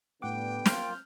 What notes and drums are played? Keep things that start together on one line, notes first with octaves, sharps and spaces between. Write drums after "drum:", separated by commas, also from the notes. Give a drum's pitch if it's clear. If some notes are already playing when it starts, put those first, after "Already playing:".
A2 D3 G3 B3 F#5 G5 D6
A#3 F4 F6 G6, drum: snare